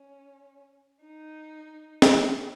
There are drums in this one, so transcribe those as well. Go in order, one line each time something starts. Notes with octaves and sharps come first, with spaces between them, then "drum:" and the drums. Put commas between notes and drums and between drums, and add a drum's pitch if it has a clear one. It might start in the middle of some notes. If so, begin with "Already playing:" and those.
Already playing: C#4
D#4
drum: snare